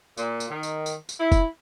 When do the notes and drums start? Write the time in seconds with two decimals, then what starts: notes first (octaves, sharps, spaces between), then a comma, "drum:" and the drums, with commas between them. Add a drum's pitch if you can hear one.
0.17 A#2, drum: tambourine
0.40 drum: tambourine
0.50 D#3
0.63 drum: tambourine
0.86 drum: tambourine
1.09 drum: tambourine
1.19 E4
1.32 drum: kick, tambourine